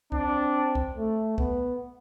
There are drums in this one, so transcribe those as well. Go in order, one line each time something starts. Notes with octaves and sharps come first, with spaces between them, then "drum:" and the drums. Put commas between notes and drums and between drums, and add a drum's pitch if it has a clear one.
C4 D4, drum: kick
drum: kick
A3
B3, drum: kick